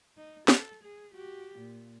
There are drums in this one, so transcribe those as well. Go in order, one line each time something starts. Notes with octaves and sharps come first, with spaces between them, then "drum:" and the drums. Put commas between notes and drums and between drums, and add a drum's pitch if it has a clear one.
D#4
A4, drum: snare
G#4
F#4 G4
A#2